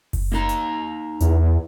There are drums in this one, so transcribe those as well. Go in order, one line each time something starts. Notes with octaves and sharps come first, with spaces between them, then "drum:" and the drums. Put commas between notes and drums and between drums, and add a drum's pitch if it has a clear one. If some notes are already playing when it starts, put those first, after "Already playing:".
drum: kick F#1, open hi-hat
A#3 D#4 A#5
drum: hi-hat
E2, drum: hi-hat